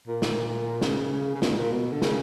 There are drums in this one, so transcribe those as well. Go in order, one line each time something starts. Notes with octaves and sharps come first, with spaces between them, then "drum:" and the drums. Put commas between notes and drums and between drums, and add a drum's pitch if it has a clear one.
A#2
drum: snare
C#3, drum: snare
C#3
C#3
B2, drum: snare
G2
A#2
B2
D3
C#3, drum: snare